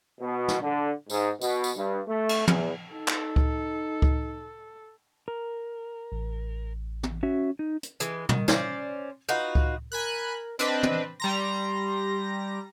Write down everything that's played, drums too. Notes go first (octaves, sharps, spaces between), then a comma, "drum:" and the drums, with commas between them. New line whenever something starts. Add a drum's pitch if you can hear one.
B2
drum: snare
D3
G#2, drum: tambourine
B2, drum: tambourine
drum: tambourine
G2
A3
drum: cymbal
E2, drum: tom
D#4 A4
drum: clap
drum: kick C#2
drum: kick C#2
A#4
A1
drum: tom
C#4 F#4 E5
D#4
drum: hi-hat
E3 G#3, drum: hi-hat
D#3, drum: tom
C#4 C5 D5, drum: snare
D#4 F4 F#4 B4
drum: kick C#2
A#4 G#5 B5 F#6
C4 D4 B4 D#5, drum: hi-hat
drum: tom
G3 A#5 C6 A#6